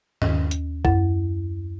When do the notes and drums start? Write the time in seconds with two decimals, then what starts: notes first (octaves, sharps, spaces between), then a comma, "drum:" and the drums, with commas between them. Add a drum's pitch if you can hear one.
0.22 D#2, drum: tom G2
0.51 drum: hi-hat
0.85 F#2, drum: kick